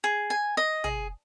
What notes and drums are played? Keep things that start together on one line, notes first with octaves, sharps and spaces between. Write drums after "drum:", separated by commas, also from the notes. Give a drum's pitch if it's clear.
G#4
G#5
D#5
G#4, drum: tom